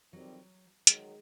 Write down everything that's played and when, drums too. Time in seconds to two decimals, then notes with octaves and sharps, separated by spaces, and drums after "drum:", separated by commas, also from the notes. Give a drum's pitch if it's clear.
0.13 F2 C3 D#3 F#3 G3 C4
0.87 D#3 F#3 G#3, drum: hi-hat